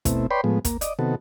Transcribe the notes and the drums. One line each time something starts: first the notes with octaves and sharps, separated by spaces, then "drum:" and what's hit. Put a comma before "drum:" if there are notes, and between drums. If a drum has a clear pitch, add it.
B2 A3 C4 E4, drum: kick, hi-hat
B4 C#5 D5 G5 B5 C6
A2 F3 G#3 B3
A#3, drum: kick, hi-hat
D5 D#5, drum: hi-hat
C3 D#3 B3 F#4 A4